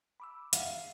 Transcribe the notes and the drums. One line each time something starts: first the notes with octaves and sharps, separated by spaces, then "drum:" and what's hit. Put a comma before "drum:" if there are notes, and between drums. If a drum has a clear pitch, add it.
B5 D6 E6
F5 F#5, drum: hi-hat